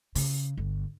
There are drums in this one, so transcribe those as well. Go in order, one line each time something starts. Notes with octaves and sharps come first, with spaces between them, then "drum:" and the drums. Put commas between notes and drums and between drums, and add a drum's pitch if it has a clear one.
C#3, drum: open hi-hat
G1